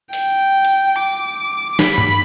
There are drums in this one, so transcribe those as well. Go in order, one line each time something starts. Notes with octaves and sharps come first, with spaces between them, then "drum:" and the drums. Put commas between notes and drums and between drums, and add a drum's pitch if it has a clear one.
G5, drum: open hi-hat
drum: hi-hat
D6
B5, drum: snare
drum: tom G2